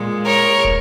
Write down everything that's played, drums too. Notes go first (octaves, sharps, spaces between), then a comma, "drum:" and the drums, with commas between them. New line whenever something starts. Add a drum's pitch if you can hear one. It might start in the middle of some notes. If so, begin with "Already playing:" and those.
Already playing: A#2 G#3
A#4 C#5
drum: kick